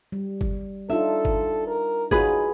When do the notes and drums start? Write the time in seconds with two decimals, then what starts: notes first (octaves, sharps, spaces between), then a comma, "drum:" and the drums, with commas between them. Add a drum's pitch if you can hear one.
0.12 G3
0.41 drum: kick G1
0.90 D4 D#4 F4 A4 E5
1.25 drum: kick G1
1.67 A#4
2.11 D#4 F4 F#4 G#4 B4, drum: kick G1